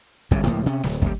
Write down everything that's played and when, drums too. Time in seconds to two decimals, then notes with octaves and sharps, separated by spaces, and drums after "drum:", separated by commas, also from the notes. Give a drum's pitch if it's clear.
0.31 G1 C2 G#2 C#3, drum: kick
0.46 C#2 A2 F3 A#3
0.66 C3 C#4
0.83 D1, drum: snare
1.02 D#1 G3, drum: kick